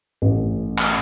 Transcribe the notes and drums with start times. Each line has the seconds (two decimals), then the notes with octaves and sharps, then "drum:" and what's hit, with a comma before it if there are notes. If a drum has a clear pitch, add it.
0.22 A1
0.78 drum: clap